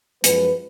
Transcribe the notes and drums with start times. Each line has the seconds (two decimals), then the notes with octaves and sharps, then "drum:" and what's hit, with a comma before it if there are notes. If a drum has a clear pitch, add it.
0.24 F#2 F3 G#3 B4, drum: hi-hat